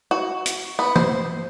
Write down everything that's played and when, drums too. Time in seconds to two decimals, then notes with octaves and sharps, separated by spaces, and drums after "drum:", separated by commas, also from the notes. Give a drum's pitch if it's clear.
0.11 F#4
0.46 drum: hi-hat
0.79 B3
0.96 C5, drum: tom E3